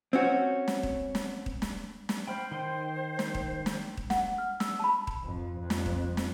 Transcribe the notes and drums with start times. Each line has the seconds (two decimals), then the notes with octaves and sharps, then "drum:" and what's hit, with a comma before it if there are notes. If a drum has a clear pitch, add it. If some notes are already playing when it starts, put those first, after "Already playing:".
0.13 C4 C#4 F#4
0.68 drum: snare
0.83 drum: kick D#1
1.15 drum: snare
1.46 drum: kick D#1
1.62 drum: snare
2.09 drum: snare
2.27 C5 G5 B5 F6
2.51 D#3 G5 C6
3.19 drum: snare
3.35 drum: kick D#1
3.66 drum: snare
3.97 drum: kick D#1
4.10 F#5, drum: snare
4.38 F6
4.60 E6, drum: snare
4.80 A5 B5
5.07 drum: kick D#1
5.24 F2
5.61 F2
5.70 drum: snare
5.86 drum: kick D#1
6.17 drum: snare